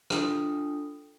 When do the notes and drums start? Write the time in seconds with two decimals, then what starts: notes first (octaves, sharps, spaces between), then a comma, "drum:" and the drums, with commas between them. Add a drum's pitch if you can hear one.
0.10 D4 F4 A4 G5 D#6, drum: rim click